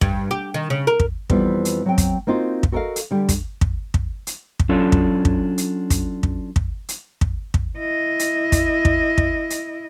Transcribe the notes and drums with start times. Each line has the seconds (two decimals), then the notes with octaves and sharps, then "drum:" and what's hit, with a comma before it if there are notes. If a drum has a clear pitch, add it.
0.01 G2, drum: kick
0.31 G4
0.54 D#3
0.70 C#3
0.87 A#4
1.00 drum: kick
1.30 F2 E3 F3 G3 B3, drum: kick
1.65 drum: hi-hat
1.86 F#3 C4 G5
1.98 drum: kick, hi-hat
2.27 A#3 C4 D#4 F4 F#4
2.63 drum: kick
2.72 F#4 A4 A#4 C#5 D#5 F5
2.96 drum: hi-hat
3.11 D3 G3 G4
3.29 drum: kick, hi-hat
3.61 drum: kick
3.94 drum: kick
4.27 drum: hi-hat
4.59 drum: kick
4.69 F#3 C#4 D4 F4 A4
4.92 drum: kick
5.25 drum: kick
5.58 drum: hi-hat
5.90 drum: kick, hi-hat
6.23 drum: kick
6.56 drum: kick
6.89 drum: hi-hat
7.21 drum: kick
7.54 drum: kick
7.78 E4 D#5
8.19 drum: hi-hat
8.52 drum: kick, hi-hat
8.85 drum: kick
9.18 drum: kick
9.50 drum: hi-hat